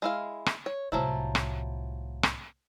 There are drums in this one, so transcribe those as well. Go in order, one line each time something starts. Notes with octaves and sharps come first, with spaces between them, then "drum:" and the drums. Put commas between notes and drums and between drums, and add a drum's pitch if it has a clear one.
G#3 E4 F5
drum: rim click
C#5
C2 A2 F3 F#3 E4
drum: rim click
drum: rim click